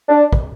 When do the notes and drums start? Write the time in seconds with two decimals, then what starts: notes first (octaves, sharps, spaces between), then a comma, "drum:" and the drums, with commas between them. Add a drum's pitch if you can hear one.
0.09 D4
0.33 drum: kick